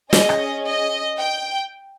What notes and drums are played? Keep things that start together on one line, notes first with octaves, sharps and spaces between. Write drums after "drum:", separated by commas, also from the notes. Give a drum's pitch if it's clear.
C#4 G#4 D#5, drum: snare
drum: rim click
D#5
G5